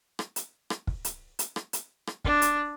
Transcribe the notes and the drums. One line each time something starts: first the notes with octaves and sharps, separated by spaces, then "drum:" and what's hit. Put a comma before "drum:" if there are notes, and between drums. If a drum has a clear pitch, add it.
drum: rim click
drum: hi-hat
drum: rim click
drum: kick
drum: hi-hat
drum: hi-hat
drum: rim click
drum: hi-hat
drum: rim click
D4, drum: kick
drum: hi-hat